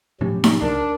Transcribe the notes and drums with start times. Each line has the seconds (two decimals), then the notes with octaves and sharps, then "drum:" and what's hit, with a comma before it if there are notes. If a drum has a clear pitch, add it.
0.21 A2 C3 F3 F#3 C#4 G4
0.44 drum: snare D#4
0.61 C#2 D4 A#4